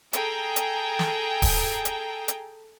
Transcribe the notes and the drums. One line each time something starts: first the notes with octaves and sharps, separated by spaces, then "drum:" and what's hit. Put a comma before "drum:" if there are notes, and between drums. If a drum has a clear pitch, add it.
G#4 A4 G5 A#5, drum: hi-hat
drum: hi-hat
drum: snare
drum: kick D1, open hi-hat
drum: hi-hat
drum: hi-hat